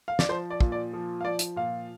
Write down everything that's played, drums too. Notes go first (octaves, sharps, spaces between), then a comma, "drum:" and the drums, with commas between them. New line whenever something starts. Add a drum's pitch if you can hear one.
F5
D5, drum: snare
F3 C5
D5
A#2, drum: kick
D5
F3
F5
F3 D5
drum: hi-hat
A#2 F5